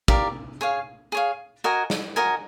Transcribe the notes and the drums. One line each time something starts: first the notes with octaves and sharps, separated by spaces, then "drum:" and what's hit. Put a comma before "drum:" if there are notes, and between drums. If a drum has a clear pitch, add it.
G4 A#4 D5 F5, drum: kick
G#4 C#5 F5
G#4 C#5 F5
F#4 A#4 D#5 G#5
drum: snare
F#4 A#4 D#5 G#5